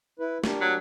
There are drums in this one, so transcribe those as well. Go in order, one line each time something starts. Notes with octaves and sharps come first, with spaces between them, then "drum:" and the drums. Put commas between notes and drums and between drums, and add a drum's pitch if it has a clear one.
E4 B4
D4 G4 A#4, drum: snare
F#3